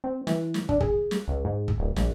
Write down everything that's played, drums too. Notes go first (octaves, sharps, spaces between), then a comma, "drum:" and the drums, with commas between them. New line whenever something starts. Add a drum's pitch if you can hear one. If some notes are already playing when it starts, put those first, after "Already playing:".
C4
E3, drum: snare
drum: snare
D4, drum: kick
G#4, drum: kick
drum: snare
C#2
G#2
drum: kick
D1
A#1, drum: snare